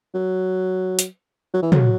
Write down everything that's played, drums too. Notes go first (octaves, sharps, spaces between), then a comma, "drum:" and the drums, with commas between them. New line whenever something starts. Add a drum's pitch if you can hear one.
F#3
drum: hi-hat
F#3
E3
F#3, drum: tom